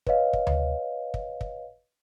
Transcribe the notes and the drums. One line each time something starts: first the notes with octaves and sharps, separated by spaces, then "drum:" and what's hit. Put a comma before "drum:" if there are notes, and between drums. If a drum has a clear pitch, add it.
B4 C#5 D#5 F5, drum: kick
drum: kick
drum: tom D2
drum: kick
drum: kick